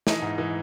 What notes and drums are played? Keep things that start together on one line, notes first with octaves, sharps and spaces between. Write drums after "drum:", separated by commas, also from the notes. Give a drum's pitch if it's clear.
E3 D#4, drum: snare
G#2
E3